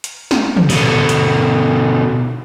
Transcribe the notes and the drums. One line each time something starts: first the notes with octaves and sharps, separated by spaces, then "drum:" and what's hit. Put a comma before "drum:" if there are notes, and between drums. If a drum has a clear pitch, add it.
drum: hi-hat
drum: snare
drum: tom
B2 D3, drum: open hi-hat
drum: hi-hat